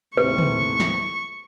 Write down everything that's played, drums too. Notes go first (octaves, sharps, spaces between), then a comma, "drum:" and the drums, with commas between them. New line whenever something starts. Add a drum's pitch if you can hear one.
D#2 A2 C3 B4 C#6
drum: tom
drum: snare